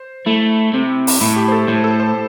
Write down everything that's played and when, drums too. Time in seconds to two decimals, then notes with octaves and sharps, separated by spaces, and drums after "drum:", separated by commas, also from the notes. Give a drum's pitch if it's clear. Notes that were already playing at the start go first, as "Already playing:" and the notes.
Already playing: C5
0.26 A3 E4
0.74 C3
1.07 drum: open hi-hat
1.21 A2 E4
1.36 G4
1.48 C5
1.52 A4
1.68 A2 C5
1.84 A4
2.00 C5